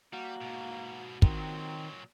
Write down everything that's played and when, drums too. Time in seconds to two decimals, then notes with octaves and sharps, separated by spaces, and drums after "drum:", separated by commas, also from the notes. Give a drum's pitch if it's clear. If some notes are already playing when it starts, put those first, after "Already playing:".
0.13 G3 A#3 F#4
0.41 G#2 B2
1.22 A#2 D#3 F#3 C4, drum: kick